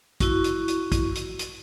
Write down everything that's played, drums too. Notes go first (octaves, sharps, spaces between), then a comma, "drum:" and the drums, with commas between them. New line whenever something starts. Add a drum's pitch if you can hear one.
E4 F#4 C#6, drum: kick, hi-hat
drum: hi-hat
drum: hi-hat
drum: kick, hi-hat
drum: hi-hat
drum: hi-hat